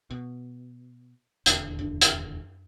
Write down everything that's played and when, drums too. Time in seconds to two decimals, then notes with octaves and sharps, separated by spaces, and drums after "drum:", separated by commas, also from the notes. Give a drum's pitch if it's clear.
0.10 B2
1.46 D#1 E2 D3, drum: hi-hat
1.79 F#2 D4
2.01 drum: hi-hat